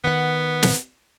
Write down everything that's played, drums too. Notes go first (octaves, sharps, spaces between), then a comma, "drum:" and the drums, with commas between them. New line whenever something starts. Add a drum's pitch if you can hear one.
D#3 B3 F#5
drum: snare